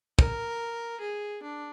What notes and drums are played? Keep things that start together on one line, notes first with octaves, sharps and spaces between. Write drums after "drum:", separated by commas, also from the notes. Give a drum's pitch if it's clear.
A#4, drum: kick
G#4
D4